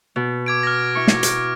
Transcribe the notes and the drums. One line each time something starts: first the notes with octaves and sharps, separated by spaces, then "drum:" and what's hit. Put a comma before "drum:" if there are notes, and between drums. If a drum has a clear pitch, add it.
B2
D6 G#6 D7
F6 A#6
E4 C#6
drum: snare
drum: hi-hat